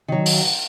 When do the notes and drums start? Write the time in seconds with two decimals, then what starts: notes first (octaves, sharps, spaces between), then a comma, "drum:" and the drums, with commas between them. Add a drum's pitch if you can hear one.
0.08 D#3 F#3
0.26 drum: open hi-hat